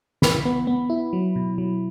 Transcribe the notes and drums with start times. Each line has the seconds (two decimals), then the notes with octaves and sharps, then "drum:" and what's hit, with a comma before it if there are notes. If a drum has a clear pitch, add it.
0.22 E3 B5, drum: snare
0.45 B3
0.67 B3
0.90 E4
1.13 F#3
1.36 B2
1.58 F#3